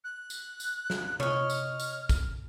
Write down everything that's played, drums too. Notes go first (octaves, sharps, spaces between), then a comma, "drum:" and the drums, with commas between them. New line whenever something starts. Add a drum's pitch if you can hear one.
F#6
drum: tambourine
drum: tambourine
drum: snare
C#5 D#5 F6, drum: tom C3
drum: tambourine
drum: tambourine
drum: kick, tambourine